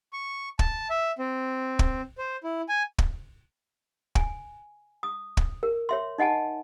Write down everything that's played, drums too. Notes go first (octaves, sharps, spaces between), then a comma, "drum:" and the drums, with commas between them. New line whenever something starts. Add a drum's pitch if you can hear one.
C#6
A5, drum: kick
E5
C4
drum: kick
C5
E4
G#5
drum: kick
G#5, drum: kick
D#6
drum: kick
A#4
C#5 E5 C6
D#4 D#5 F#5 G#5 A5